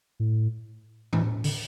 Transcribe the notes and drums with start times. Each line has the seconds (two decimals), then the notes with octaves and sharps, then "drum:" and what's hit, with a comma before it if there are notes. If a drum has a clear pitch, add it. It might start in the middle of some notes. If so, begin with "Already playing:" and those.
0.20 A2
1.13 E3, drum: tom A2
1.44 D3, drum: open hi-hat